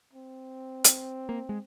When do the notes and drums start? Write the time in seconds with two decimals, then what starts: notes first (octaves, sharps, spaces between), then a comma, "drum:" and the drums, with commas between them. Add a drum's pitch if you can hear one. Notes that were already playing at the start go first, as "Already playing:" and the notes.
0.13 C4
0.84 drum: hi-hat
1.29 A#3
1.49 G#3